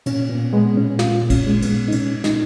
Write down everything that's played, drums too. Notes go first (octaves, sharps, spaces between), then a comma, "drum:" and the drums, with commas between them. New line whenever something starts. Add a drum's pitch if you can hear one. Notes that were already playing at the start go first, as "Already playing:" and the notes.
A#2 C#4, drum: cymbal
A#2 B3
G#3 B3
A#2 C#4
A#2 F4, drum: snare
A#2
C#4, drum: kick, cymbal
G#3
B3, drum: cymbal
G#3
D#4
A#2 C#4, drum: cymbal
A#2
D#4, drum: snare